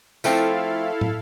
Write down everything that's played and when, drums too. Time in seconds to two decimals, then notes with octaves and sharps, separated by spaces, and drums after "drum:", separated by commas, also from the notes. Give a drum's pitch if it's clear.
0.24 F3 A3 C4 E4 A4 F5, drum: tambourine
1.01 drum: tom